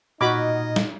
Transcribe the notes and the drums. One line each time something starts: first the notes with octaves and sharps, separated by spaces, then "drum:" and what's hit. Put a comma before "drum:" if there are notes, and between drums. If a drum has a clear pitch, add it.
A#2 D#4 F#4 D#5 B5 D6 F6 G#6
drum: snare